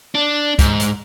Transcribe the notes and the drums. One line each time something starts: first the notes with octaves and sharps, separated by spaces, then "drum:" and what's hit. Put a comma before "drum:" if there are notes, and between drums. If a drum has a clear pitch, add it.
D4
G#2, drum: kick, hi-hat
drum: hi-hat